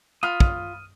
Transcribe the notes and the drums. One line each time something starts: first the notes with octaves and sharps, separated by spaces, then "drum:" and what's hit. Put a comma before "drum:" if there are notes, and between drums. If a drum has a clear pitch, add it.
F4 B5 D#6 F6
drum: kick